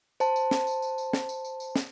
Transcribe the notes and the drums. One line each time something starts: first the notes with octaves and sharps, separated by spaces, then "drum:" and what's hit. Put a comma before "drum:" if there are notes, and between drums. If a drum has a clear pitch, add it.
C5 A5, drum: tambourine
drum: tambourine
drum: snare
drum: tambourine
drum: tambourine
drum: tambourine
drum: snare
drum: tambourine
drum: tambourine
drum: tambourine
drum: snare